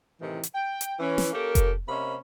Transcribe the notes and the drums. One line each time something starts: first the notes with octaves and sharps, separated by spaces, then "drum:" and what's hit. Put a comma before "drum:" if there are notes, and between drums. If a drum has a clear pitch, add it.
A2 C3 D#3 E3
drum: hi-hat
G5
drum: hi-hat
E3 C#4
drum: snare
A#3 C#4 G4 A4 A#4
drum: kick F1, hi-hat
C3 A#3 C#4 C5 D#5 B5